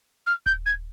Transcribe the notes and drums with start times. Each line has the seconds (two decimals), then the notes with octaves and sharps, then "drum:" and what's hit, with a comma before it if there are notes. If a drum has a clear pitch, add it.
0.27 F6
0.46 G6, drum: kick D#1
0.66 G#6